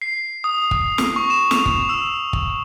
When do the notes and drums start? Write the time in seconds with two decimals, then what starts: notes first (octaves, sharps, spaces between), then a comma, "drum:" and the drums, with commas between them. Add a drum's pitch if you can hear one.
0.02 C7
0.44 D#6
0.71 drum: kick
0.98 drum: snare
1.16 C#6
1.30 E7
1.51 F7, drum: snare
1.66 drum: kick
1.89 E6
2.33 drum: kick